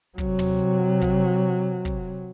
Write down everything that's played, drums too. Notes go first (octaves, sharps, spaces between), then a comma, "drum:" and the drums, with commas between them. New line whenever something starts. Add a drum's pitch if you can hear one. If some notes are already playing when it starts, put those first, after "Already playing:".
C3 F#3, drum: kick
drum: tom
drum: kick
drum: kick